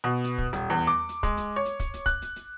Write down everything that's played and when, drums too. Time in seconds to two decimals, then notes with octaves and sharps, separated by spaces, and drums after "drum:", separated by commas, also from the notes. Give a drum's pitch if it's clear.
0.04 B2
0.24 drum: hi-hat
0.38 drum: kick
0.53 D#1, drum: hi-hat
0.70 E2
0.87 D6
1.09 drum: hi-hat
1.23 G#3, drum: kick, hi-hat
1.37 drum: hi-hat
1.56 C#5
1.65 drum: hi-hat
1.80 drum: kick, hi-hat
1.94 drum: hi-hat
2.06 F#6, drum: kick, hi-hat
2.22 drum: hi-hat
2.36 drum: hi-hat